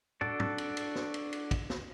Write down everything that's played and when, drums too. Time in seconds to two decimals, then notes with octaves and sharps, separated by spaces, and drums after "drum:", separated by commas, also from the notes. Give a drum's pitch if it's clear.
0.21 D4 F#4 A4 D5, drum: tom
0.40 drum: tom
0.58 drum: cymbal
0.77 drum: cymbal
0.95 drum: snare
1.14 drum: cymbal
1.33 drum: cymbal
1.51 drum: kick, cymbal
1.70 drum: snare